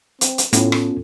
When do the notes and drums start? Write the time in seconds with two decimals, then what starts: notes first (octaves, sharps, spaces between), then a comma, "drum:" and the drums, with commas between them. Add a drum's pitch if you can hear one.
0.21 C4, drum: hi-hat
0.38 drum: hi-hat
0.53 A2 B3 C#4 F4 A4, drum: hi-hat
0.72 drum: rim click